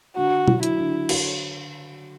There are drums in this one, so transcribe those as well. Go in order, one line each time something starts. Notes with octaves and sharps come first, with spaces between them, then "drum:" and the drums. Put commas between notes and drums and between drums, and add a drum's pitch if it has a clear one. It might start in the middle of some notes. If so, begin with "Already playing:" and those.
D3 F#4
F#3, drum: tom B2
E4, drum: hi-hat
D3
F#4, drum: cymbal